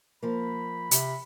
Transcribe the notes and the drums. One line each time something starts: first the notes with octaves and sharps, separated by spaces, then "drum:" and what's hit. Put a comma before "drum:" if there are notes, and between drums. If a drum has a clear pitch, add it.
F3 A#3 B5
C3, drum: hi-hat